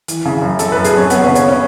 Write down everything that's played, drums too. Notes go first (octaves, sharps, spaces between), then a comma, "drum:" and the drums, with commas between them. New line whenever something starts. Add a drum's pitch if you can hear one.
E3, drum: hi-hat
C#3
F#2
F#2 A4, drum: hi-hat
F#2 B4
G#4, drum: hi-hat
F#2 C#4
F#2 B3, drum: hi-hat
C#4
C#3
C#4, drum: hi-hat
C#4